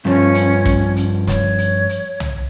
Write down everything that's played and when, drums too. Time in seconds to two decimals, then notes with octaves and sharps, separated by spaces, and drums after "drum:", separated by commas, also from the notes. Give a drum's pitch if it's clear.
0.05 G2 F3 C#4
0.35 drum: hi-hat
0.66 drum: kick, hi-hat
0.96 drum: hi-hat
1.27 C#5, drum: snare
1.58 drum: hi-hat
1.89 drum: hi-hat
2.20 drum: tom C2